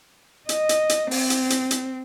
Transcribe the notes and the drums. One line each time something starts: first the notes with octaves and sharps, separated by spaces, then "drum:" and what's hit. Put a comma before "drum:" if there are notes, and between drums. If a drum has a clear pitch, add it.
D#5, drum: hi-hat
drum: hi-hat
drum: hi-hat
C4, drum: open hi-hat
drum: hi-hat
drum: hi-hat
drum: hi-hat